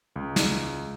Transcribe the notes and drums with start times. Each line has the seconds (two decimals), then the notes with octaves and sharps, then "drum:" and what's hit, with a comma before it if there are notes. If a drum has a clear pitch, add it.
0.16 C#2
0.36 drum: snare